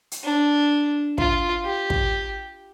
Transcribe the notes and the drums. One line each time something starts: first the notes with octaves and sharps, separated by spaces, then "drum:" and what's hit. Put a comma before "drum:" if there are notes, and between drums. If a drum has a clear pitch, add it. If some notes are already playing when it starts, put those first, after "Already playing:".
drum: hi-hat
D4
F4, drum: kick
G4
drum: kick